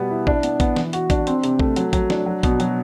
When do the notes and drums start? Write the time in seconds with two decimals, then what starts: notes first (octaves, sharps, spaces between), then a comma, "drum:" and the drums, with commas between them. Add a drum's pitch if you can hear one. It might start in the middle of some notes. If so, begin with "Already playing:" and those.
Already playing: B2 G3 B3
0.10 E4
0.27 D4, drum: kick A1
0.43 B3, drum: hi-hat
0.60 B3, drum: kick A1, hi-hat
0.76 E3, drum: snare
0.93 F#4, drum: hi-hat
1.10 D4, drum: kick A1, hi-hat
1.27 C4, drum: hi-hat
1.44 C3, drum: hi-hat
1.59 A3, drum: kick A1
1.76 F#3, drum: hi-hat
1.93 F#3, drum: kick A1, hi-hat
2.10 D4, drum: snare
2.26 F#3
2.43 B2, drum: kick A1, hi-hat
2.60 F#3, drum: hi-hat